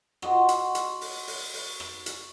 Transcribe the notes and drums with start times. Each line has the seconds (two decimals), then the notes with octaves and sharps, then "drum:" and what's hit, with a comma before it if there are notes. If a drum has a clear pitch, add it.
0.22 F#4 D#5 C6, drum: rim click
0.49 drum: hi-hat
0.75 drum: hi-hat
1.01 drum: open hi-hat
1.27 drum: open hi-hat
1.54 drum: open hi-hat
1.80 drum: rim click
2.06 drum: hi-hat